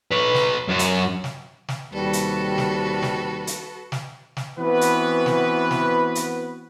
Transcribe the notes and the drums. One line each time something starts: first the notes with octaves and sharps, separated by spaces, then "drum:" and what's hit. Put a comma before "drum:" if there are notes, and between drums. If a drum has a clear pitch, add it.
B4 C#5
drum: snare
F#2 F#4
drum: hi-hat
drum: snare
drum: snare
D#2 C3 G3 F#4 A4 B4
drum: hi-hat
drum: snare
drum: snare
drum: hi-hat
drum: snare
drum: snare
E3 B3 C4 F#4 B4
drum: hi-hat
drum: snare
drum: snare
drum: hi-hat